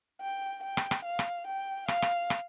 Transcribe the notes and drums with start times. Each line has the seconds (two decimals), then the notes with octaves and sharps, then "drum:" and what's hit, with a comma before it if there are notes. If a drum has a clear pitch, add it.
0.21 G5
0.63 G5
0.77 drum: rim click
0.91 drum: rim click
1.05 F5
1.19 drum: rim click
1.47 G5
1.88 F5, drum: rim click
2.02 drum: rim click
2.30 drum: rim click